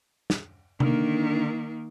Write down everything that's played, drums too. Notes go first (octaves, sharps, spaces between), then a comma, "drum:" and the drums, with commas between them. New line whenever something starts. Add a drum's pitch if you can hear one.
drum: snare
D3 D#3 A#3, drum: tom C3